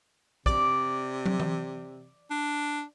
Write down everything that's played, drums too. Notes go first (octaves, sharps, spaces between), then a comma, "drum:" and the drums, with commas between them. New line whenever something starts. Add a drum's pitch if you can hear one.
C3 D5, drum: kick
drum: tom
drum: tom E3
D4